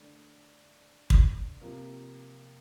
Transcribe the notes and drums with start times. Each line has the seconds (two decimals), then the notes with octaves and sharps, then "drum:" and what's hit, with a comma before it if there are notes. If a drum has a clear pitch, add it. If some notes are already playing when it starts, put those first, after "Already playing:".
Already playing: D3 A3 D4
1.10 drum: kick
1.61 C3 F3 A#3